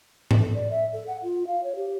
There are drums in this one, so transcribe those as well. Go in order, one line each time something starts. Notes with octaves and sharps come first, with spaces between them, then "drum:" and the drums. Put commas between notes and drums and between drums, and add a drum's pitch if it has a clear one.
drum: tom G#2
A4
D5
E5
A4
F#5
F4
F5
C#5
G4